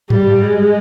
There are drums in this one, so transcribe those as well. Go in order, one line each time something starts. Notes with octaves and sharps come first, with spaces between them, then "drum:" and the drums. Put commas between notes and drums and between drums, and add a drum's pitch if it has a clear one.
G3, drum: tom G#2
G#3